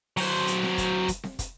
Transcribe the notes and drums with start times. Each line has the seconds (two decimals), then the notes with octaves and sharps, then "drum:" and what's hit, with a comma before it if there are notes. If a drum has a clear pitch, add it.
0.17 F#3 C5, drum: open hi-hat
0.47 drum: hi-hat
0.63 drum: snare C4
0.78 drum: kick, hi-hat
1.08 drum: kick, hi-hat
1.23 drum: snare C4
1.39 drum: kick, hi-hat